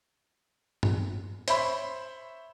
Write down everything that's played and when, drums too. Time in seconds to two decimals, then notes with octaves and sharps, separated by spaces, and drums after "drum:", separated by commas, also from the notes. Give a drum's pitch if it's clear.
0.83 drum: tom G2
1.48 C5 C#5 E5 B5 C6, drum: hi-hat